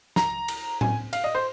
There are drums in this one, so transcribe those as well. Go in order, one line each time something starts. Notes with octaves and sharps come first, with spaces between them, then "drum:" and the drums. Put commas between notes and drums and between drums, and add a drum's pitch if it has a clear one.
A#5, drum: snare
drum: cymbal
G#5, drum: tom A2
F5, drum: cymbal
D#5
C5